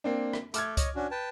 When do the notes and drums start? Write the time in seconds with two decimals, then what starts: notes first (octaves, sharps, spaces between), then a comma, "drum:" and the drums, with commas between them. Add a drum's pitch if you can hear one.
0.04 A#3 C4 D4
0.33 drum: rim click
0.54 A3 A4 D6 F6 G#6, drum: hi-hat
0.77 C#5 D#5, drum: kick C#2, hi-hat
0.95 C#4 D4 F#4
1.11 B4 G5 A5